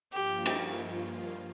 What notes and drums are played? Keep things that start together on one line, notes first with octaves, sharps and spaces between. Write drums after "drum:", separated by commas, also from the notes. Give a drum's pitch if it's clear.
G2 F3 A#3 F4 G4
drum: cymbal